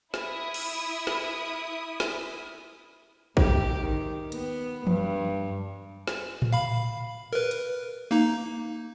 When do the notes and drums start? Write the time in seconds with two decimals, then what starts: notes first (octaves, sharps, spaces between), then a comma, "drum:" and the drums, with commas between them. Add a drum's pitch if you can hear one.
0.14 E4 D#6, drum: snare
0.54 drum: cymbal
1.07 drum: snare
2.00 drum: snare
3.37 G#2 G4, drum: kick A1
3.79 D#3
4.32 B3, drum: hi-hat
4.87 G2, drum: tom E3
6.07 drum: snare
6.42 drum: tom A2
6.53 F5 B5
7.33 A#4 B4
7.51 drum: hi-hat
8.11 A#3 D#4